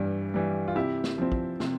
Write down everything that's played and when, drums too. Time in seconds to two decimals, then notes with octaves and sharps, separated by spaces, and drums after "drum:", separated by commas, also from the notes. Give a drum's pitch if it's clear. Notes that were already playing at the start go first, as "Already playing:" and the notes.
Already playing: G2 E3 G3
0.34 E3 G3
0.68 F4
0.75 C3 E4 G4
1.04 drum: snare
1.18 F3 C4
1.32 drum: kick
1.60 C3, drum: snare